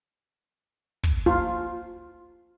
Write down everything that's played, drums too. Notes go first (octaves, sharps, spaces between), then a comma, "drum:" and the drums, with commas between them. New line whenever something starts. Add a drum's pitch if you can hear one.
drum: kick
F4